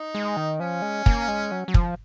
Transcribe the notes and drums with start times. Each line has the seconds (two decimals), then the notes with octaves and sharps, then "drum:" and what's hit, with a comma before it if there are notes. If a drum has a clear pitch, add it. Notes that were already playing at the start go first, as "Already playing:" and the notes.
Already playing: D#4
0.15 G#3
0.37 D#3
0.60 F3 C#4
0.82 G#3
1.06 A#3, drum: kick
1.28 G#3
1.52 F#3
1.68 F#3
1.74 F3, drum: kick